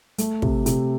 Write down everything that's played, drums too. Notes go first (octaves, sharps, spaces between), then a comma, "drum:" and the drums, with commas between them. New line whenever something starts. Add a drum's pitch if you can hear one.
A3, drum: hi-hat
C3, drum: kick
C3, drum: hi-hat